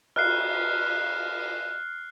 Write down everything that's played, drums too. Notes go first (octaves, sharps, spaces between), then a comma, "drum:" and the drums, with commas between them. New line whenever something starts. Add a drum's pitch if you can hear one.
F6 F#6 C7, drum: cymbal